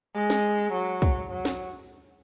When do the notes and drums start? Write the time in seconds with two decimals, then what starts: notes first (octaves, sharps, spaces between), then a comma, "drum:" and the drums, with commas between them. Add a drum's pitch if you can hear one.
0.16 G#3
0.30 drum: snare
0.73 F#3
1.02 drum: kick
1.30 F#3
1.45 drum: snare